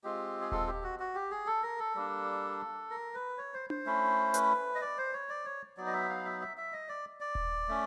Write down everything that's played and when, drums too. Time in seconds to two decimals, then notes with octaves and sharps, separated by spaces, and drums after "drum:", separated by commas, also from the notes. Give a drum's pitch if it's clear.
0.04 G#3 C4 F4 G4
0.41 G#4
0.52 A4, drum: kick D#1
0.67 G4
0.83 F#4
0.99 F#4
1.15 G4
1.31 G#4
1.47 A4
1.63 A#4
1.79 A4
1.95 G3 A#3 D4
2.90 A#4
3.14 B4
3.38 C#5
3.54 C5
3.70 C5, drum: tom D4
3.86 A3 C#4 E4
4.34 B4, drum: hi-hat
4.75 D#5
4.81 D5
4.98 C5
5.13 C#5
5.29 D5
5.45 C#5
5.77 F#3 B3 D#4 D5
5.87 D#5
5.93 E5
6.09 F5
6.25 E5
6.41 E5
6.57 E5
6.73 D#5
6.89 D5
7.20 D5
7.35 drum: kick D#1
7.68 A3 C#4